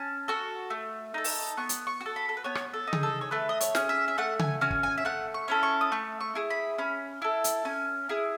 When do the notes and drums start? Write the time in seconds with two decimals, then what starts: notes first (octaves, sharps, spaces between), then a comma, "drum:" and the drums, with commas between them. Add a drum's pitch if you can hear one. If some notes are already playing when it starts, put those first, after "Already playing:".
Already playing: C#4 A5
0.28 F#4 A4
0.70 A3
1.14 D#4 A4
1.24 drum: open hi-hat
1.57 B3 C#6
1.69 drum: hi-hat
1.87 C#6
2.01 F#4
2.06 A4
2.16 B5
2.29 A4
2.37 B4
2.44 B3 C#5
2.55 drum: rim click
2.74 A4
2.87 D#4
2.93 G#4, drum: tom C#3
3.03 A4
3.21 C#5
3.31 A3 B4
3.49 D#5
3.61 C#5, drum: hi-hat
3.75 C#4 G#4, drum: snare
3.89 E5
4.08 E5
4.18 A3 F#5
4.39 G#5, drum: tom C#3
4.61 C#4 F#4 G#5
4.70 drum: kick
4.83 G#5
4.98 E5
5.05 A3 F#5
5.34 C#6
5.48 C#4 E4 A4
5.63 C#6
5.81 D#6
5.92 A3 C#6
6.20 C#6
6.35 E4 G#4
6.50 B5
6.78 C#4 B5
7.22 E4 A4
7.44 drum: hi-hat
7.65 C#4 G#5
8.09 E4 G#4